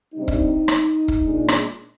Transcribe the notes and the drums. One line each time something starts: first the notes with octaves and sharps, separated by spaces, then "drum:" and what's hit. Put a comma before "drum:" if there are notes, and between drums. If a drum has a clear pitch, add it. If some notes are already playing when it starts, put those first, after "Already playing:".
C3 G3 D4 D#4
drum: kick
drum: rim click
drum: kick
A#2 G#3 D4
drum: rim click